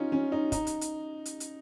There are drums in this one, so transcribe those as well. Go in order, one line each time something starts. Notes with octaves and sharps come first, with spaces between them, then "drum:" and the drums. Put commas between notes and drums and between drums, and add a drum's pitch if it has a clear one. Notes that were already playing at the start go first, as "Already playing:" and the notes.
Already playing: C#4 D#4 F4
C#4
D#4
D#4, drum: kick, hi-hat
drum: hi-hat
drum: hi-hat
drum: hi-hat
drum: hi-hat